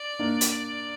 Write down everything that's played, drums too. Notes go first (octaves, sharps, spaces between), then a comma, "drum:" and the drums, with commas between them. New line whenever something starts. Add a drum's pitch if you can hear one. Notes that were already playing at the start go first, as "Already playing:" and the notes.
Already playing: D5
A#3 D4
drum: hi-hat